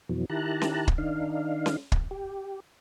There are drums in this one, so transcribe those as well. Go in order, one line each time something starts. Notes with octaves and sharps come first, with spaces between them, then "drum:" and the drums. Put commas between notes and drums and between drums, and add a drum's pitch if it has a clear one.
F2 B2 E3 F#3
D#3 E4 G4 A5 A#5 F#6
drum: snare C#4
drum: kick
D#3 D4 D#4 F5
drum: snare C#4
drum: kick
G4